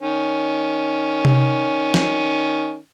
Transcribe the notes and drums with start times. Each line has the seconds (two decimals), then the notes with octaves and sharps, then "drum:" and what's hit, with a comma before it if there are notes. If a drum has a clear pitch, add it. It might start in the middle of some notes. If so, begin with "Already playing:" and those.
0.01 D#3 C#4
1.25 drum: tom C3
1.94 drum: snare